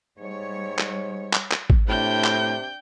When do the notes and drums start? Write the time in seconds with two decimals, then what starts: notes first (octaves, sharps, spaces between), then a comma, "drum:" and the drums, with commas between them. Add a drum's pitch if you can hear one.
0.19 G#2 G3 C#5
0.79 drum: clap
1.33 drum: clap
1.51 drum: clap
1.70 drum: kick G#1
1.88 A2 C3 D4 G5 G6
2.24 drum: clap